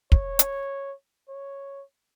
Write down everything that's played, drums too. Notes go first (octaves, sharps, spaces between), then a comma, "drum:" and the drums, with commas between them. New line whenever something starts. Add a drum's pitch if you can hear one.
C#5, drum: kick
drum: hi-hat
C#5